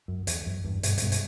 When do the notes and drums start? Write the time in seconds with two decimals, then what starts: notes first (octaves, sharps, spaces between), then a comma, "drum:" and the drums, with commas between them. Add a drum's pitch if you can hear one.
0.08 F#2
0.27 E2, drum: hi-hat
0.46 F#2
0.65 E2 G2
0.83 G2 B2, drum: hi-hat
0.98 C#3, drum: hi-hat
1.02 G2 B2
1.12 drum: hi-hat